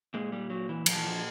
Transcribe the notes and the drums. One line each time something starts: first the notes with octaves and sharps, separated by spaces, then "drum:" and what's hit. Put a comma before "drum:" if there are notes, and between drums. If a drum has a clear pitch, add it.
A#2 G#3
G3
F#3
E3
A#2 F3, drum: cymbal
E3
F3